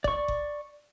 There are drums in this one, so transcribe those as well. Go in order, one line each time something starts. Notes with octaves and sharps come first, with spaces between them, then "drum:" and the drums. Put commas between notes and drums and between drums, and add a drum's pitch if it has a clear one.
D5 C#6, drum: kick F#1
drum: kick F#1